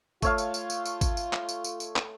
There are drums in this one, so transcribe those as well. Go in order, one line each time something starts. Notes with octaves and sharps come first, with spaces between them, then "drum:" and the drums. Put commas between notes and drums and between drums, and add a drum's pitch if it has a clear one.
A3 F4 C#5 F5, drum: kick, tambourine
drum: tambourine
drum: tambourine
drum: tambourine
drum: tambourine
drum: kick, tambourine
drum: tambourine
drum: clap
drum: tambourine
drum: tambourine
drum: tambourine
drum: clap